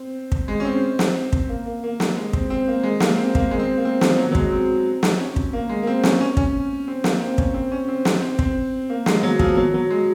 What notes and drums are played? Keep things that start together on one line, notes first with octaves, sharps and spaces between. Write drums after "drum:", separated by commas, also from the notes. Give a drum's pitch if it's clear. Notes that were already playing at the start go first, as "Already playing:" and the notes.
Already playing: C4
drum: kick
G#3
C#4
C4
drum: snare
drum: kick
A#3
A#3
A#3
drum: snare
G#3
C4, drum: kick
C4
A#3
G#3
A#3, drum: snare
C4
A#3, drum: kick
G#3
C4
A#3
C4
F3, drum: snare
F#3
F#3
G#3, drum: kick
C4
drum: snare
C#4
drum: kick
A#3
G#3
A#3
C4
C#4, drum: snare
C#4
C#4, drum: kick
C4
A#3, drum: snare
C4
C#4, drum: kick
C4
C#4
C4
C4, drum: snare
C4
C4, drum: kick
A#3
G#3, drum: snare
F#3
F3, drum: kick
F#3
F#3
G#3